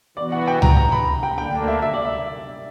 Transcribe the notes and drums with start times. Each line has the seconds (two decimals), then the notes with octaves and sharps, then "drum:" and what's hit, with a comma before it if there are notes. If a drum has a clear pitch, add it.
0.17 E3 B3 F#4 D5
0.32 F#5
0.47 G5
0.62 A#5, drum: tom C#2
0.76 A#5
0.92 B5
1.08 A#5
1.23 G5
1.37 D2 D3 A#3 D4 G5
1.68 E5
1.82 E5
1.93 D5
2.05 E5